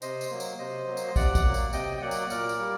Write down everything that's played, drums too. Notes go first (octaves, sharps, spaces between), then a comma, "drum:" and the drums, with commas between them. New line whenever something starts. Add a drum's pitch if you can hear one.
C3 C5 D#5, drum: tambourine
drum: tambourine
F#3 A#3
drum: tambourine
C3 C5 D#5
F#3 A#3
drum: tambourine
D#5
C3 D5 F#5, drum: kick, tambourine
drum: kick, tambourine
F#3 A#3
drum: tambourine
C3 D#5 G5, drum: tambourine
G5
F#3 A#3 D5 F#5
drum: tambourine
A#2 A#4 D5, drum: tambourine
drum: tambourine
G3 A#3